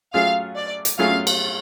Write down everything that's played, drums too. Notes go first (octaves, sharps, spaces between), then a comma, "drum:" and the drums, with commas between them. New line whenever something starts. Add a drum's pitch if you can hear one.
F#3 A3 C#4 F4 G#4 F5
D5
drum: hi-hat
F#3 A3 C#4 F4 G#4 F5
drum: cymbal